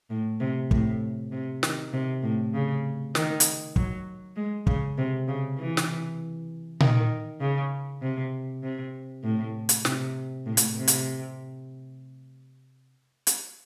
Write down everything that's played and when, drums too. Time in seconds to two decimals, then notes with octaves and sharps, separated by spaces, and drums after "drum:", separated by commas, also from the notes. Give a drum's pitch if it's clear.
0.10 A2
0.40 C3
0.71 A2, drum: kick
1.32 C3
1.63 D#3, drum: snare
1.93 C3
2.23 A2
2.54 C#3
3.15 D#3, drum: snare
3.40 drum: hi-hat
3.76 F#3, drum: kick
4.36 G#3
4.67 C#3, drum: kick
4.98 C3
5.28 C#3
5.59 E3
5.77 drum: snare
6.80 D#3, drum: tom A#2
7.41 C#3
8.02 C3
8.63 C3
9.24 A2
9.69 drum: hi-hat
9.85 C3, drum: snare
10.46 A2
10.57 drum: hi-hat
10.76 C3
10.88 drum: hi-hat
13.27 drum: hi-hat